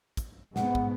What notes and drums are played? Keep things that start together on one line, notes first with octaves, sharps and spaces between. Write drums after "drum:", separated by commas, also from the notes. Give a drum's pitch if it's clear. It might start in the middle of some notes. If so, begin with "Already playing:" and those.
drum: kick, hi-hat
G#2 B3 F#5, drum: snare
drum: kick